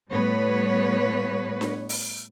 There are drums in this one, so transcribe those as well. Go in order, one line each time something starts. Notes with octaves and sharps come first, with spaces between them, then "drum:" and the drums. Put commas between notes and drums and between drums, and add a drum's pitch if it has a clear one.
A2 G3 B3 B4 C#5
drum: snare D4
drum: open hi-hat